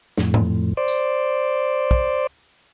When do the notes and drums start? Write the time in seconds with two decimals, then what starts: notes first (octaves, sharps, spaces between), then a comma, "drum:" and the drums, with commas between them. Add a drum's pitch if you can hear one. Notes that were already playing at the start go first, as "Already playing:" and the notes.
0.18 F2 A2, drum: snare
0.34 drum: tom G#2
0.77 C5 D5
0.88 drum: tambourine
1.91 drum: kick